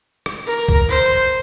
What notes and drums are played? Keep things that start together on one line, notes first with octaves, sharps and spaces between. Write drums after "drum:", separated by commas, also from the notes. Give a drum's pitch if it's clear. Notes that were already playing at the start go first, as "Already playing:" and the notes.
drum: rim click
A#4
drum: kick C2
C5